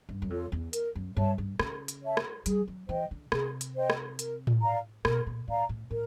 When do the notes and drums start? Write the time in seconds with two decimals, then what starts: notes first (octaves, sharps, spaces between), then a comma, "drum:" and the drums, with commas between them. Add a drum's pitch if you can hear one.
0.09 G2
0.22 F#2
0.30 F2 F4 A4 C#5
0.52 E2
0.73 A#4, drum: hi-hat
0.95 F#2
1.16 G2 C#5 E5 A5
1.38 G2
1.60 C#3 A#4, drum: rim click
1.88 drum: hi-hat
2.02 C#5 E5 A5
2.17 drum: rim click
2.46 G3 G#4, drum: hi-hat
2.68 F#3
2.89 E3 C5 D#5 G5
3.11 D3
3.32 C3 G#4, drum: rim click
3.61 drum: hi-hat
3.75 C5 D#5 G5
3.90 drum: rim click
4.19 A#4, drum: hi-hat
4.47 drum: tom A2
4.61 D5 F5 A#5
5.05 B2 A#4, drum: rim click
5.26 A#2
5.48 A2 D5 F5 A#5
5.69 A2
5.91 A2 A#4